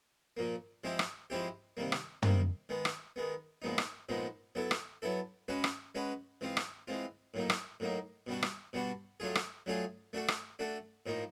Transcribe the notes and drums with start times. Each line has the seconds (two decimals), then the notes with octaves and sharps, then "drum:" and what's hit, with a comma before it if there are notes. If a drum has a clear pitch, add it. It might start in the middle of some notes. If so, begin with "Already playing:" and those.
0.37 A#2 F3 A#3
0.84 F3 G#3 C4 E4 G4
0.99 drum: rim click
1.30 F3 G#3 C4 E4 G4
1.77 C3 D#3 G3 A#3
1.92 drum: rim click
2.22 C3 D#3 G3 A#3, drum: tom
2.69 D#3 G#3 B3
2.85 drum: rim click
3.16 D#3 G#3 B3
3.62 A#2 F3 G#3 B3 D#4
3.78 drum: rim click
4.09 A#2 F3 G#3 B3 D#4
4.55 F#3 B3 E4 A4
4.71 drum: rim click
5.02 F#3 B3 E4 A4
5.48 G#3 C#4 F#4 B4
5.64 drum: rim click
5.95 G#3 C#4 F#4 B4
6.41 E3 G#3 C4 F4
6.57 drum: rim click
6.88 E3 G#3 C4 F4
7.34 A2 F#3 A#3 D#4
7.50 drum: rim click
7.80 A2 F#3 A#3 D#4
8.27 B2 G3 B3 D4 F#4
8.42 drum: rim click
8.73 B2 G3 B3 D4 F#4
9.20 F#3 A3 D4 F4 G#4
9.35 drum: rim click
9.66 F#3 A3 D4 F4 G#4
10.13 A3 D4 F#4 A4
10.28 drum: rim click
10.59 A3 D4 F#4 A4
11.06 A2 F3 A#3 D#4